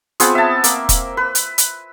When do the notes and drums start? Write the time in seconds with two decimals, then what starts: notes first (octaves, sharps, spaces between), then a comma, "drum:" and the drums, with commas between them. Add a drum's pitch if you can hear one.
0.20 B3 C4 F4 G#4, drum: hi-hat
0.35 E5 A5
0.64 A#3, drum: hi-hat
0.89 drum: kick E1, hi-hat
1.17 B4
1.35 drum: hi-hat
1.58 drum: hi-hat